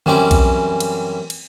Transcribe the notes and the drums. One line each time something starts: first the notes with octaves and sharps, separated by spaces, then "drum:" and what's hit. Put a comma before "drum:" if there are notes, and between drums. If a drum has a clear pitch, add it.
F#2 E3 G3 C4 C#4 D6, drum: tom D3
drum: kick B1, cymbal
drum: cymbal
drum: cymbal